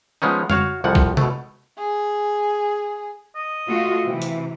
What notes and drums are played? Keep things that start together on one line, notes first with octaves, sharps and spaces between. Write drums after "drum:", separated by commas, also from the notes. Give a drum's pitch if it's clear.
F3 G#3 B3 C#4 D#4
F#4 C#5 F5, drum: tom
C2 F2 F3 F#5
drum: kick
B2 A3, drum: tom C3
G#4
D#5
A3 F4 F#4
C3 E3
drum: hi-hat